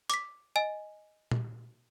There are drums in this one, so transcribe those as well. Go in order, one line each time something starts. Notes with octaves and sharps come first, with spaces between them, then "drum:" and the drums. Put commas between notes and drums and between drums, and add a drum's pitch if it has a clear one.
D6 B6, drum: hi-hat
D#5 G#5
drum: tom A#2